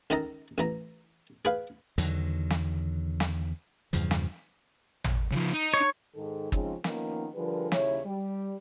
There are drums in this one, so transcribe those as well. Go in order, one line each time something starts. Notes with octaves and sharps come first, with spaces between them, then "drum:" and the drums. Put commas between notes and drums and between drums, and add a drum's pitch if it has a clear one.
C#2 D#3 A4 D#5 A#5
A1 E3 A#5
G#4 B4 F5
E2 D3 D#3 F#3, drum: hi-hat
drum: snare
drum: snare
E2 G2 C#3 F3, drum: hi-hat
drum: snare
drum: tom
C#3 F3
D#4
C#5
G#2 D#3 A4
C#3 F3 G#3 C4 C#4 D#4, drum: kick
D#3 F3 A#3 B3 C#4 D#4, drum: snare
D3 F3 G3 G#4 A#4 B4
D#2 C#3 E4 C#5, drum: snare
G3